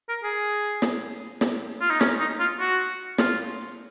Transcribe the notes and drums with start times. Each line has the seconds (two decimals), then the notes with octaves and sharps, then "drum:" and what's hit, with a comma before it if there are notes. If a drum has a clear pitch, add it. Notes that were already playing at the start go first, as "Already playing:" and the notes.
0.09 A#4
0.23 G#4
0.82 drum: snare
1.41 drum: snare
1.81 F4
1.90 D#4
2.01 C#4, drum: snare
2.20 D#4
2.40 F4
2.60 F#4
3.18 F4, drum: snare